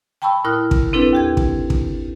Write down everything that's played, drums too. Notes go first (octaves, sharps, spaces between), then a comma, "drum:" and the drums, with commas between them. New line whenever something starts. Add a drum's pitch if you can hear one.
G5 A5 B5 C#6 E6
A2 E4 A#4 D#6 F6 F#6
drum: kick
C4 D4 E4 A4 B4
D#2 G4 G#6
drum: kick
drum: kick